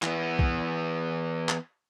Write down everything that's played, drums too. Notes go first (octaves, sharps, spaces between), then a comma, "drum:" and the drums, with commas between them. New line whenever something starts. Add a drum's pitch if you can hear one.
E3 B3, drum: clap
drum: kick
drum: clap